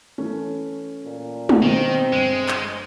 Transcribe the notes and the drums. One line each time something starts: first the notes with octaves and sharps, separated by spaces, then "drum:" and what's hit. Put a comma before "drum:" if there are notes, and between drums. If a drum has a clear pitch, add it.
E3 A3 C#4
A#2
drum: tom
B2 D#3 C4
G1 G#3
drum: clap